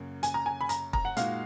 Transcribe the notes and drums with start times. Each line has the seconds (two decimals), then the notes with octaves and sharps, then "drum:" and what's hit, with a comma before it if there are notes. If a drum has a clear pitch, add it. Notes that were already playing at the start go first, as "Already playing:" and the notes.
Already playing: F#2 C#3 F#3 A#3
0.23 G#5, drum: hi-hat
0.34 A#5
0.46 G#5
0.61 B5
0.69 A#5, drum: hi-hat
0.93 A#5, drum: kick
1.05 F#5
1.17 A#2 G#3 D#4 F#4 F5, drum: hi-hat